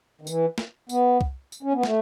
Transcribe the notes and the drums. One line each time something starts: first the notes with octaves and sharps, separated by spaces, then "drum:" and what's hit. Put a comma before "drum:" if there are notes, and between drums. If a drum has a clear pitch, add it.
D#3
E3, drum: tambourine
drum: snare
B3, drum: tambourine
drum: kick C2
drum: tambourine
C#4
B3
A3, drum: snare